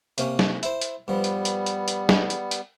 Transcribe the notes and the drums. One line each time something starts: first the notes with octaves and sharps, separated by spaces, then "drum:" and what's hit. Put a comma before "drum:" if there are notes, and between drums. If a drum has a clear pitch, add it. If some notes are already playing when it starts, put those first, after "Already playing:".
C3 A#3 C#4, drum: hi-hat
drum: snare
E4 C5, drum: hi-hat
drum: hi-hat
G2 F3 G3 B3
drum: hi-hat
drum: hi-hat
drum: hi-hat
drum: hi-hat
drum: snare
drum: hi-hat
drum: hi-hat